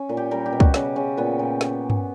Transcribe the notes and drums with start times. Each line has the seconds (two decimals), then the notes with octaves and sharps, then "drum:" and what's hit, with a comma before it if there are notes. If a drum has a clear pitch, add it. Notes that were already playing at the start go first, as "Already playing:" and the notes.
Already playing: C#4
0.09 A#2
0.17 G4
0.31 G3 A#4
0.46 G4
0.52 B2
0.60 F#4, drum: kick
0.74 C#3 G4, drum: snare
0.96 C#3
1.17 A#2 B3
1.39 A#2
1.61 drum: snare
1.90 drum: tom G2